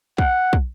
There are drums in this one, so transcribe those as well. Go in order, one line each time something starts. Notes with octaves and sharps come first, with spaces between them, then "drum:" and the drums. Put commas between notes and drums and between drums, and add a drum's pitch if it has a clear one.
F#5, drum: kick
drum: kick